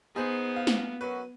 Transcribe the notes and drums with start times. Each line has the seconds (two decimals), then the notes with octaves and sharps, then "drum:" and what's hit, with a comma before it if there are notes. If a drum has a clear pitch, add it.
0.16 B3 D#4 G#4 C5 G#5
0.56 F5
0.67 drum: snare
1.01 F#2 F#3 F#4 B4